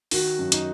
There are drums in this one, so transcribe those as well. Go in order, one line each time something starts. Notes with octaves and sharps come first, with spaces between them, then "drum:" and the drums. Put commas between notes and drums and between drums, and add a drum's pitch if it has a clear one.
D#3 F#4, drum: open hi-hat
F#2
D#4, drum: hi-hat